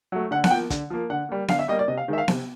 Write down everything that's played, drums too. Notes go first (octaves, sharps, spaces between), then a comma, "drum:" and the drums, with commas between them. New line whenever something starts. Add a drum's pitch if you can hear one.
F#3 A3
D3 F#5
F#5, drum: snare B3
F3 A#3 G5
D3, drum: kick, hi-hat
F3 A#3
D3 F#5
G3 A#3
D3 F5, drum: snare B3
E5
G3 A#3 D#5
D5
C3 D#5
F5
D#3 G#3 E5
F5
C3, drum: snare B3